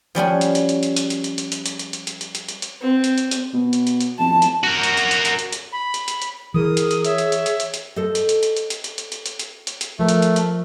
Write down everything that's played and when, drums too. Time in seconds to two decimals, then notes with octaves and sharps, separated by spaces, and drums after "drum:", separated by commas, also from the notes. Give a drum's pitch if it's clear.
0.15 F3 G3 C#4 F#4
0.41 drum: hi-hat
0.55 drum: hi-hat
0.69 drum: hi-hat
0.83 drum: hi-hat
0.96 drum: hi-hat
1.10 drum: hi-hat
1.24 drum: hi-hat
1.38 drum: hi-hat
1.52 drum: hi-hat
1.66 drum: hi-hat
1.79 drum: hi-hat
1.93 drum: hi-hat
2.07 drum: hi-hat
2.21 drum: hi-hat
2.35 drum: hi-hat
2.49 drum: hi-hat
2.62 drum: hi-hat
2.81 C4
3.04 drum: hi-hat
3.18 drum: hi-hat
3.31 drum: hi-hat
3.54 B2
3.73 drum: hi-hat
3.87 drum: hi-hat
4.01 drum: hi-hat
4.19 F2 A5
4.42 drum: hi-hat
4.64 F#4 A#4
4.83 drum: hi-hat
4.97 drum: hi-hat
5.11 drum: hi-hat
5.25 drum: hi-hat
5.39 drum: hi-hat
5.53 drum: hi-hat
5.72 B5
5.94 drum: hi-hat
6.08 drum: hi-hat
6.22 drum: hi-hat
6.54 E3 G#4 A#4 D#6
6.77 drum: hi-hat
6.91 drum: hi-hat
7.05 C#5 E5, drum: hi-hat
7.18 drum: hi-hat
7.32 drum: hi-hat
7.46 drum: hi-hat
7.60 drum: hi-hat
7.74 drum: hi-hat
7.96 A4 C5 D#5
8.15 drum: hi-hat
8.29 drum: hi-hat
8.43 drum: hi-hat
8.57 drum: hi-hat
8.70 drum: hi-hat
8.84 drum: hi-hat
8.98 drum: hi-hat
9.12 drum: hi-hat
9.26 drum: hi-hat
9.39 drum: hi-hat
9.67 drum: hi-hat
9.81 drum: hi-hat
9.99 F3 A3 A#4
10.09 drum: hi-hat
10.22 drum: hi-hat
10.36 drum: hi-hat